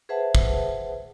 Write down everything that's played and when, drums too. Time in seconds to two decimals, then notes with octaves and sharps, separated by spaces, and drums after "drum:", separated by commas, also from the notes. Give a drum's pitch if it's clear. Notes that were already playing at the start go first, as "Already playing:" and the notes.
0.09 G#4 B4 C5 E5 F#5 A5
0.35 drum: kick